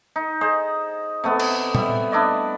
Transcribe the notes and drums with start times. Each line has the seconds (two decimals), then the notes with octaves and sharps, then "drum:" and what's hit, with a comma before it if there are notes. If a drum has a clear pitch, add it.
0.16 D#4
0.41 G#4 C5 D#5
1.24 C3 A3 B3
1.40 drum: cymbal
1.75 G3 E5, drum: tom A#2
2.12 D4 E4 D5 D#5